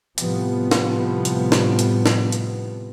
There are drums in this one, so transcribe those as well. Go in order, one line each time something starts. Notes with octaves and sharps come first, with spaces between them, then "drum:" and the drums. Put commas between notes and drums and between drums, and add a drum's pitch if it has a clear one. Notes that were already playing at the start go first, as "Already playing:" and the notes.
A2 C3 F3 G3 B3, drum: hi-hat
drum: snare
drum: hi-hat
drum: snare
drum: hi-hat
drum: snare
drum: hi-hat